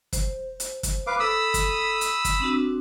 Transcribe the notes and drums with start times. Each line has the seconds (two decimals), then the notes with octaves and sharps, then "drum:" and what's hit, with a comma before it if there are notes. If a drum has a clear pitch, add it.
0.13 C5, drum: kick, hi-hat
0.60 drum: hi-hat
0.83 drum: kick, hi-hat
1.07 B4 F5 D6
1.20 A4 B5 D#6 E6
1.54 drum: kick, hi-hat
2.01 drum: hi-hat
2.25 drum: kick, hi-hat
2.40 C4 D4 F#4